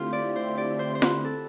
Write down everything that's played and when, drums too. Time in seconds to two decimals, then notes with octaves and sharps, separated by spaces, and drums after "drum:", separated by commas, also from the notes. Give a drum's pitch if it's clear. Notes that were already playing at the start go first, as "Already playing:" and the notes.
Already playing: D3 A3 C4 E4 F4 G4
0.13 D5
0.36 C5
0.57 D5
0.79 C5
0.95 C5
1.02 B4, drum: snare F4
1.25 A4